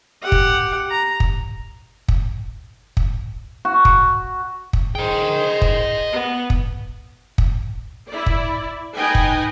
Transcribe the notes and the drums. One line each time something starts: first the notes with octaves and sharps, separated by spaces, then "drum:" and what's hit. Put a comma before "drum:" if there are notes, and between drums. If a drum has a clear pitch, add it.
G4 F#5
drum: kick
A#5
drum: kick
drum: kick
drum: kick
F#4
drum: kick
drum: kick
G#4 C5 D#5 G5
drum: kick
B3
drum: kick
drum: kick
E4 D5
drum: kick
D#4 B4 D#5 G5 G#5
drum: kick